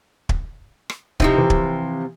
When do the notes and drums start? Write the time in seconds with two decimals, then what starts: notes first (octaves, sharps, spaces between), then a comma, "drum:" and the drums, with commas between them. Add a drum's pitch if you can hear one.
0.29 drum: kick
0.90 drum: rim click
1.20 C3 F3 C4 D#4 E4, drum: kick
1.38 E3
1.50 drum: kick